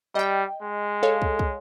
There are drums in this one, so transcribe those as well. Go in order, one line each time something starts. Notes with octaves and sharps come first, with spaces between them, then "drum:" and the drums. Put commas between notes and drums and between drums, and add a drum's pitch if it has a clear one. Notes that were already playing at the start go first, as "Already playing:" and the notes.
G3 D#5 G5
G#3
A4 C#5 F5
drum: kick
drum: kick